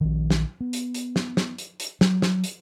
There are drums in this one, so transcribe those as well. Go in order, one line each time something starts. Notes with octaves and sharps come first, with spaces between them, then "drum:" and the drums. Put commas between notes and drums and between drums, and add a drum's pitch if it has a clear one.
A#1 D#3
drum: snare
B3
drum: hi-hat
drum: hi-hat
drum: snare
drum: snare
drum: hi-hat
drum: hi-hat
F#3, drum: snare
drum: snare
drum: hi-hat